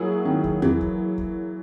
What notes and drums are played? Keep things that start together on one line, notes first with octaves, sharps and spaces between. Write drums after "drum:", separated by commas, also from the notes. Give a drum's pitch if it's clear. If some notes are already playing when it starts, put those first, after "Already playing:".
Already playing: F#3 A#3 E4 G#4
D#3
drum: kick
E3, drum: tom E2
drum: kick
drum: kick